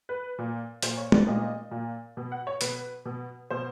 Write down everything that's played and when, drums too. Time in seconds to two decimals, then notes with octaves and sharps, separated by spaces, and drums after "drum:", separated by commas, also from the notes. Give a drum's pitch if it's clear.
0.09 B4
0.39 A#2
0.82 A#2 C5, drum: hi-hat
0.97 C#5
1.12 D5, drum: tom
1.27 A#2 D#5
1.71 A#2
2.17 B2
2.32 F#5
2.47 C#5
2.61 B2 B4, drum: hi-hat
3.05 B2
3.50 B2 C5